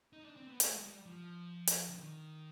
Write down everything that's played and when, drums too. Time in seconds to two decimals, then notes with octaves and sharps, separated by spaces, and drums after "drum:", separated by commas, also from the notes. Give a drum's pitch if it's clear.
0.13 D#4
0.25 D4
0.37 C4
0.48 B3
0.60 A3, drum: hi-hat
0.72 G#3
0.83 G3
1.06 F3
1.67 drum: hi-hat
1.88 D3
2.00 D#3